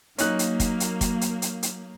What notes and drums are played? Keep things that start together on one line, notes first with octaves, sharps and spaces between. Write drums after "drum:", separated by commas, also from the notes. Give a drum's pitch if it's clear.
F#3 A#3 C#4 D#4 F#6, drum: hi-hat
drum: hi-hat
drum: kick, hi-hat
drum: hi-hat
drum: kick, hi-hat
drum: hi-hat
drum: hi-hat
drum: hi-hat